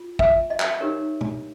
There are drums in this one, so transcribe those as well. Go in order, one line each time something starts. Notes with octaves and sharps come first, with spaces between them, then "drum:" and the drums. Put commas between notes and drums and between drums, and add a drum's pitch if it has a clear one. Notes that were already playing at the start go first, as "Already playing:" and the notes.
Already playing: F4
E5, drum: kick
D#5
drum: clap
D#4 G4 A#4 C#5
drum: tom